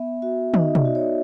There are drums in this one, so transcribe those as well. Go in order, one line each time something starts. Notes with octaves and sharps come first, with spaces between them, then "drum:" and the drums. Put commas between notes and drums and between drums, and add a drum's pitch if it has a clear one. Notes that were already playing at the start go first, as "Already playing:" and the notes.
Already playing: B3 E5
F#4 E5
D#4 D#5, drum: tom
D5, drum: tom
F#4
C#5